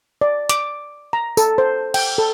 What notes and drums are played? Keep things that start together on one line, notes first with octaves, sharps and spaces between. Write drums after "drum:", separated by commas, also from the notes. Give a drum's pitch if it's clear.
D5
D6, drum: hi-hat
A#5
A4, drum: tambourine
C5
G5, drum: cymbal
A4